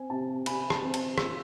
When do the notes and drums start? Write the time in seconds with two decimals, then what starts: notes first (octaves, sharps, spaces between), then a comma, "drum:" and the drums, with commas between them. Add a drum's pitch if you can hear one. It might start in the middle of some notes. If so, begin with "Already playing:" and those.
Already playing: C4 G#5
0.10 C3 A5
0.46 C3 G#5 B5, drum: cymbal
0.70 A5, drum: rim click
0.82 C4
0.94 A5, drum: cymbal
1.18 F4 C6 E6, drum: rim click